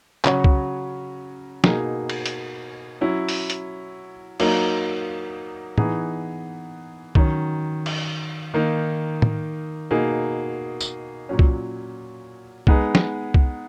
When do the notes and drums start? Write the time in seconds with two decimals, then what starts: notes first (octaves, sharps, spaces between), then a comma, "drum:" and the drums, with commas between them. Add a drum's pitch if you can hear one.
0.25 C#3 F#3 C#4 F#4, drum: clap
0.44 drum: kick C2
1.64 B2 A#3 D#4 G#4, drum: snare
2.10 drum: cymbal
2.26 drum: hi-hat
3.01 F#3 C#4 E4
3.29 drum: open hi-hat
3.50 drum: hi-hat
4.40 F#3 A#3 D#4, drum: cymbal
5.78 E3 B3 D#4 G#4, drum: tom
7.15 D#3 F#3 C#4, drum: kick C2
7.86 drum: cymbal
8.54 D#3 A#3 D#4
9.22 drum: tom
9.91 B2 A#3 D#4 G#4
10.81 drum: tambourine
11.29 A#2 F#3 C#4
11.39 drum: kick C2
12.67 G#3 B3 D#4 G#4, drum: kick C2
12.95 drum: snare
13.34 drum: kick C2